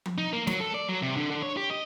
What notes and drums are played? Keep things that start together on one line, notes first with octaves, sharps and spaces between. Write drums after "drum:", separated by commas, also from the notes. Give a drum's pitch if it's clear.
drum: tom F3
D#4
A#3
F#3, drum: snare
A4
D5
F#3
C3
D3
D3
C#5
G4
D#5